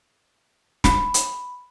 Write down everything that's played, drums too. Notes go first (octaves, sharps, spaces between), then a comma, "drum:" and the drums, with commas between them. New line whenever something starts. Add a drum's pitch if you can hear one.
B5, drum: snare
drum: hi-hat